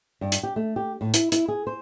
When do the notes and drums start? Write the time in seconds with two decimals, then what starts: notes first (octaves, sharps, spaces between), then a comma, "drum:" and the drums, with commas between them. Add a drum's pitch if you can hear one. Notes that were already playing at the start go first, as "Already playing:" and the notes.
0.21 G2
0.32 drum: hi-hat
0.43 G4
0.56 A3
0.76 G4
1.01 A2
1.14 E4, drum: hi-hat
1.32 E4, drum: hi-hat
1.48 G#4
1.67 C5